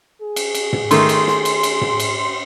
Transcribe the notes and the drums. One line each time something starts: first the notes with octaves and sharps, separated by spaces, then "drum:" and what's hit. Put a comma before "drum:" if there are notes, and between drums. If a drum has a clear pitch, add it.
G#4
drum: cymbal
drum: cymbal
drum: tom
D#3 A3 C6, drum: cymbal
drum: cymbal
drum: snare
drum: cymbal
drum: cymbal
drum: tom
drum: cymbal